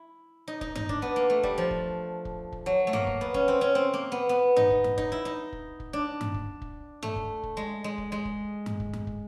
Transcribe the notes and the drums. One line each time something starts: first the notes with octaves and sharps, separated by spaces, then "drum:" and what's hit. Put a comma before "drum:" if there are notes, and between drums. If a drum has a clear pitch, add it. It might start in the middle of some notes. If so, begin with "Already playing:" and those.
Already playing: E4
D#4
D#4, drum: kick
D#4, drum: tom G2
D4, drum: kick
B3
A#3
A3
G3, drum: kick
F3
drum: kick
drum: kick
drum: kick
F#3
A3
A#3, drum: tom G2
drum: kick
B3
C#4, drum: kick
C4
C#4
C4
A#3
B3
B3
D#4, drum: tom G2
drum: kick
drum: tom G2
D#4, drum: kick
E4
D#4
drum: kick
drum: kick
D4
drum: tom G2
drum: kick
drum: kick
A3, drum: tom G2
drum: kick
drum: kick
G#3
G#3
drum: kick
G#3
drum: kick
drum: tom G2
drum: kick
drum: tom G2
drum: kick